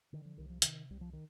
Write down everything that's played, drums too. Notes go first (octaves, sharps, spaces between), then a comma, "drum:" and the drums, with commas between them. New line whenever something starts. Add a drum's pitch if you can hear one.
D3 D#3
F3
C2 D#3
F3
C3 D#3, drum: hi-hat
C2 G3
F3
D#3